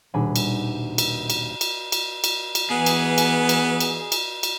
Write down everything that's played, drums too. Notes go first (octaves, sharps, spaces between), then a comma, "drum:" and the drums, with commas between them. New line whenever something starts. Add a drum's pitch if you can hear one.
D#1 B2 D4 G#4 G#5 B5
drum: cymbal
drum: cymbal
drum: cymbal
drum: cymbal
drum: cymbal
drum: cymbal
drum: cymbal
E3 B3 G#4
drum: cymbal
drum: cymbal
drum: cymbal
drum: cymbal
drum: cymbal
drum: cymbal